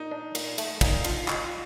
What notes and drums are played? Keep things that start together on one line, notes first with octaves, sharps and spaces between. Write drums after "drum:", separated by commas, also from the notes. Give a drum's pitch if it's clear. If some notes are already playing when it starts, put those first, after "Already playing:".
Already playing: A#2 D#4
D4
A#2, drum: cymbal
A3, drum: cymbal
A#2 D#4, drum: kick, cymbal
D4 F4, drum: cymbal
D#4 F4, drum: clap